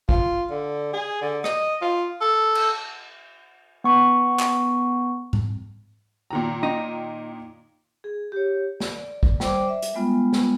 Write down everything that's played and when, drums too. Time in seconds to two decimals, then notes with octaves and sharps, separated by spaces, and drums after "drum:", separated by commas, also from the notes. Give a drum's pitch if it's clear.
0.09 F4, drum: kick
0.50 D3
0.94 G#4
1.22 D3
1.44 D#5, drum: rim click
1.82 F4
2.21 A4
2.55 drum: cymbal
3.84 B3 C#6
4.39 drum: clap
5.33 drum: tom G#2
6.30 A#2 D#3 A#5
6.63 D#4
8.04 G#4
8.32 G4 C#5
8.80 D5, drum: snare
9.23 drum: kick
9.40 G3 C5 D5 D6, drum: snare
9.68 E5
9.82 drum: hi-hat
9.94 G3 G#3 B3 F4
10.33 drum: snare